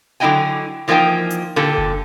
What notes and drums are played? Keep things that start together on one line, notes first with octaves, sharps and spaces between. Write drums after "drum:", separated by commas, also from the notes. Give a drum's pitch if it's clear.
D3 F#3 E4 D#5 G5 G#5
E3 F3 A#3 D#4 G5 G#5
drum: hi-hat
A#2 D3 G4 A4
drum: kick F#1